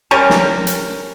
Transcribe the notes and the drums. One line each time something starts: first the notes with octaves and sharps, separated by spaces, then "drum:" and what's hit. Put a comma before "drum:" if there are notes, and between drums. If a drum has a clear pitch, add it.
G3 C#4 A#4
drum: snare
drum: hi-hat